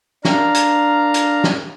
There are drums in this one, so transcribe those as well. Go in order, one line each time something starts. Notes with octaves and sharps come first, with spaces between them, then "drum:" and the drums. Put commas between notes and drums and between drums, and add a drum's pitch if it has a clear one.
D4 A#4 F5 A#5, drum: snare
drum: hi-hat
drum: hi-hat
drum: snare